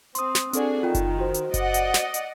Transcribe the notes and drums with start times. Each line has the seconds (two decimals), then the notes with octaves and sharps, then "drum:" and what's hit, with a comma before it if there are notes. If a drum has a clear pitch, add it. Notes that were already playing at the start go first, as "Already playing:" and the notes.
0.15 C4 C6 D#6, drum: hi-hat
0.35 drum: snare
0.53 C4 D4 F#4 G#4 A4 D5, drum: hi-hat
0.83 D#3 F4 G5
0.95 drum: kick F#1, hi-hat
1.18 F#4 C5
1.34 drum: hi-hat
1.54 D5 D#5 F#5, drum: kick F#1, hi-hat
1.74 drum: hi-hat
1.94 drum: snare
2.14 drum: hi-hat